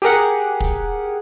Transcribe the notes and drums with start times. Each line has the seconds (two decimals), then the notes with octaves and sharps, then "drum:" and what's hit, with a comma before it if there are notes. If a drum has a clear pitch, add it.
0.02 G4 G#4 A#4 F#5
0.60 drum: kick